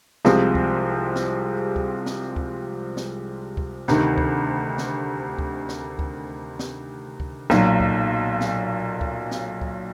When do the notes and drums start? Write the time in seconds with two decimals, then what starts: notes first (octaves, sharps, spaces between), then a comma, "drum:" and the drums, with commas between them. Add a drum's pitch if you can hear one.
0.25 C2 C3 F3 G#3 C4, drum: snare
0.55 drum: kick C#2
1.16 drum: snare
1.76 drum: kick C#2
2.06 drum: snare
2.36 drum: kick C#2
2.97 drum: snare
3.57 drum: kick C#2
3.88 D2 C3 D#3, drum: snare
4.18 drum: kick C#2
4.78 drum: snare
5.38 drum: kick C#2
5.69 drum: snare
5.99 drum: kick C#2
6.59 drum: snare
7.20 drum: kick C#2
7.50 B1 A#2 F#3, drum: snare
7.80 drum: kick C#2
8.41 drum: snare
9.01 drum: kick C#2
9.31 drum: snare
9.61 drum: kick C#2